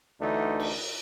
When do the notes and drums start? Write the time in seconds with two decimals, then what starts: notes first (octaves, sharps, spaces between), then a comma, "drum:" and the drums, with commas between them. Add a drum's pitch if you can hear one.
0.21 D2 D3 E3 A3 D#4
0.60 drum: cymbal